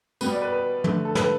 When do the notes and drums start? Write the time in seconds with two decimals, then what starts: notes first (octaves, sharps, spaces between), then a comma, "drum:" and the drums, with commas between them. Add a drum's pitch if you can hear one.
0.21 B2 G3 B3 B4, drum: tambourine
0.31 D5
0.42 B4
0.52 B4
0.84 D3 A3, drum: tom
1.05 A4
1.15 B4, drum: snare